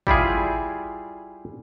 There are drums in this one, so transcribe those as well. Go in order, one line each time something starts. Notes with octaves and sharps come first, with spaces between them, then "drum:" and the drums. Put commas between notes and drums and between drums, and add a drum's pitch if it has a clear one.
G3 E4 F4 G#4, drum: kick G#1